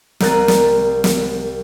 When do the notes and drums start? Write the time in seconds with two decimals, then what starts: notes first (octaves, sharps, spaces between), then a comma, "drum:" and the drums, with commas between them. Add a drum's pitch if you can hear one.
0.20 C2 C4 A#4 F#6 A6 D#7, drum: snare
0.48 drum: snare
1.04 drum: snare